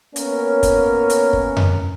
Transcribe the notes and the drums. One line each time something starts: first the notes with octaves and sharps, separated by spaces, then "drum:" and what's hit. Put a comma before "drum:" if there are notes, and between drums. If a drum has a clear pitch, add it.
A#3 B3 C#4 A#4 C#5, drum: hi-hat
drum: kick, hi-hat
drum: hi-hat
drum: kick
drum: tom F2